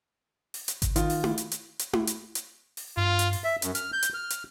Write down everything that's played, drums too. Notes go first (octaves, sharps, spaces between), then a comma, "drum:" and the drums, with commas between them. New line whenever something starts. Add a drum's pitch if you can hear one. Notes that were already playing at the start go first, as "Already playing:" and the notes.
drum: open hi-hat
drum: hi-hat
drum: kick G#1, hi-hat
D#3 F4, drum: hi-hat
drum: open hi-hat
drum: tom E4
drum: hi-hat
drum: hi-hat
drum: hi-hat
drum: tom E4
drum: hi-hat
drum: hi-hat
drum: open hi-hat
G2 F4
drum: hi-hat
drum: open hi-hat
E5
F#2, drum: hi-hat
F6, drum: hi-hat
G6
drum: hi-hat
F6
drum: hi-hat